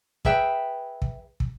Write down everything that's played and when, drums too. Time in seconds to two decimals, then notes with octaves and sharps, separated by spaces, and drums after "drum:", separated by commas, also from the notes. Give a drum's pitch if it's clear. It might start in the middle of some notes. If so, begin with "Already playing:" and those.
0.25 G#4 B4 E5 G5, drum: kick
1.02 drum: kick
1.40 drum: kick